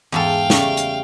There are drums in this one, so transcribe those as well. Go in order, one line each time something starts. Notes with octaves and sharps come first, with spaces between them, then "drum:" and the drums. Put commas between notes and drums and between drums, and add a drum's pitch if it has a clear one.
E2 G#2 A4 F5 G5
C#3 G3 A3, drum: snare
drum: hi-hat